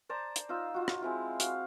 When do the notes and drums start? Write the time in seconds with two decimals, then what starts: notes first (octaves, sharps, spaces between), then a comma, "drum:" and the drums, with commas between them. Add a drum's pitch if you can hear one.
0.09 C5 D5 A5 A#5
0.36 drum: hi-hat
0.49 D#4 F4 C5 E6
0.74 F4 F#4
0.88 drum: rim click
1.01 G#3 C4 E4 F4
1.40 F#4 F5, drum: hi-hat